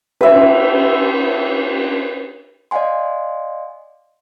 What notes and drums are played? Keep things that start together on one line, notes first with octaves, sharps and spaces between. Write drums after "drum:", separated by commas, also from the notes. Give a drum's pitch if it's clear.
B4 E5, drum: cymbal
D5 D#5 F5 F#5 G#5 C6